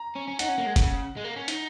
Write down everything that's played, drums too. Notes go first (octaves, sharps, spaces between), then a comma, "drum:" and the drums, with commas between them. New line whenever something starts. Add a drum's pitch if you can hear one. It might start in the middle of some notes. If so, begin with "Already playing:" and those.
Already playing: A#5
C#4
C#4
D#4 F#5, drum: hi-hat
C#4
A#3
G#3
C#3, drum: kick F#1, hi-hat
G#3
A#3
C#4
D#4, drum: hi-hat